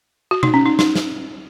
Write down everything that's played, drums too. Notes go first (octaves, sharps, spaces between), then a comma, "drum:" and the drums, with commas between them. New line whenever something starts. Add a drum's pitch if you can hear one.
F#4
D#4, drum: tom B2
C#4
D#4
D#4, drum: snare
drum: snare